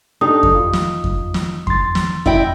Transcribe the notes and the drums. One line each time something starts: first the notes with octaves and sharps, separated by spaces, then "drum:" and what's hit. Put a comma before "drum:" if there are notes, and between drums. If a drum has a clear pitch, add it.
D4 D#4 G4 A4 D#6
drum: kick F2
F4
drum: snare
drum: kick F2
drum: snare
C6 A6, drum: kick F2
drum: snare
E4 D#5 G5, drum: kick F2